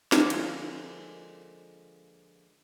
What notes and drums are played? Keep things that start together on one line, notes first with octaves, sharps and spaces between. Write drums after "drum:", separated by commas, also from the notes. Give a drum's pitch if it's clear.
D3 F3 G#3 A#3, drum: snare
drum: cymbal